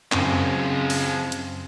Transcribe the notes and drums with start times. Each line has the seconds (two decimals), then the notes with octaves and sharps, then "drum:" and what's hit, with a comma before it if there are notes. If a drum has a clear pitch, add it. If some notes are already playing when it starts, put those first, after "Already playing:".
0.12 F#2 C#3 F3 G#3 C4, drum: clap
0.90 drum: open hi-hat
1.32 drum: hi-hat